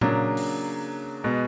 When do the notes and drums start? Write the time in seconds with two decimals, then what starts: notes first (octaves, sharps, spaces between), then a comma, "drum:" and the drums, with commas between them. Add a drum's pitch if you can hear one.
0.01 C#3 F#3 A#3 D4, drum: tom A#2
0.37 drum: open hi-hat
1.24 B2 G#3 B3